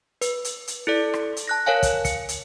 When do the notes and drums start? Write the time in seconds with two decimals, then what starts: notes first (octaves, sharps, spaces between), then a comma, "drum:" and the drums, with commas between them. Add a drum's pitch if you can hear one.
0.21 B4, drum: hi-hat
0.44 drum: hi-hat
0.67 drum: hi-hat
0.87 E4 A4 D5
1.14 drum: rim click
1.37 drum: hi-hat
1.48 A5 F#6 A#6
1.66 A#4 C#5 F5 G#5
1.83 drum: kick, hi-hat
2.05 C#7, drum: kick, hi-hat
2.29 drum: hi-hat